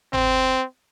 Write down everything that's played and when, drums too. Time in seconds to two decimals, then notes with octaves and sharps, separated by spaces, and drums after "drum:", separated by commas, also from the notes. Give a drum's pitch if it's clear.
0.13 C4, drum: tom